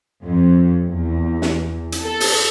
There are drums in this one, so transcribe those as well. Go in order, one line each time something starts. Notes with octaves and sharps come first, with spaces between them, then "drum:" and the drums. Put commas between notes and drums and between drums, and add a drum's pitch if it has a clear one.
F2
E2
drum: snare
drum: hi-hat
A4
drum: open hi-hat